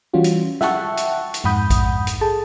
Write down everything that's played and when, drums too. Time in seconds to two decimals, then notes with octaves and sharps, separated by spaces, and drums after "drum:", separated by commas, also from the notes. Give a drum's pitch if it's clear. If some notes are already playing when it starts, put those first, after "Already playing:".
0.14 E3 G3 C#4 F4 F#4
0.24 drum: hi-hat
0.61 E5 F#5 G5 A5 C#6 F#6, drum: snare
0.97 drum: hi-hat
1.34 drum: hi-hat
1.44 F2 G#2 F#5 B5 D#6 G6
1.70 drum: kick A#1, hi-hat
2.07 drum: hi-hat
2.21 G#4 A4 A5